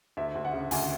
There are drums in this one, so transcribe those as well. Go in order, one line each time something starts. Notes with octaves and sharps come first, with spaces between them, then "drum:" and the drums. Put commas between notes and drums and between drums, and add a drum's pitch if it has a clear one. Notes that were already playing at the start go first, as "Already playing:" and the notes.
D2 E5
D2
F#5
C#3
D2 G#5, drum: open hi-hat